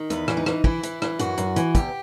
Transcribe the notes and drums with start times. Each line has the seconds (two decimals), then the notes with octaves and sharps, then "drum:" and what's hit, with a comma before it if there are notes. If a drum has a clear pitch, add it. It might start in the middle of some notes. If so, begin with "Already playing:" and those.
Already playing: D#3
0.10 E2 B4, drum: hi-hat
0.28 E3, drum: rim click
0.37 D#4
0.46 E3, drum: rim click
0.64 E3 E4, drum: kick
0.83 E3, drum: hi-hat
1.02 E3, drum: rim click
1.19 F#2 F#4, drum: hi-hat
1.38 F#2, drum: hi-hat
1.56 E3, drum: hi-hat
1.75 E2 G4, drum: kick, hi-hat